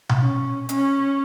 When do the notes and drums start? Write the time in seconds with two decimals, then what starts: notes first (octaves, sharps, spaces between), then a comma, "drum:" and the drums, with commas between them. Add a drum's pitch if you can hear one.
0.09 drum: tom B2
0.20 C#4
0.69 C#4, drum: hi-hat